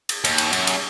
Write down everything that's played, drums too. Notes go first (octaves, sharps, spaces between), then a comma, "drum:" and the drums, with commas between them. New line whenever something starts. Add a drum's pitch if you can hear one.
drum: cymbal
D#2, drum: cymbal
drum: cymbal
F#2, drum: cymbal
drum: cymbal